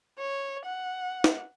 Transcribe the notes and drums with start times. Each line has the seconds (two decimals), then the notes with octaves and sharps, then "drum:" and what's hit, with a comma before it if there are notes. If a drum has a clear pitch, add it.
0.19 C#5
0.65 F#5
1.24 drum: snare